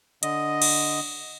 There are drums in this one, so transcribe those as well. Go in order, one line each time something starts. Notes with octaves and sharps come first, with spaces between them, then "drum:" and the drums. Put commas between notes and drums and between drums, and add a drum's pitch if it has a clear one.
D3 D#5, drum: hi-hat
drum: cymbal